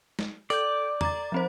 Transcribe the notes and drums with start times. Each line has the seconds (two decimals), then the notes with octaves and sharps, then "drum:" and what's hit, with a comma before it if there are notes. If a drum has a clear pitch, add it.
0.19 drum: snare
0.50 A4 D5 G6, drum: tambourine
1.01 A#5 D6 A6, drum: tom E2
1.32 F3 C4 C5